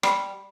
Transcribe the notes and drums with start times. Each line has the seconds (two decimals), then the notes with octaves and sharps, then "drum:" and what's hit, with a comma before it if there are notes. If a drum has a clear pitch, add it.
0.03 G3, drum: rim click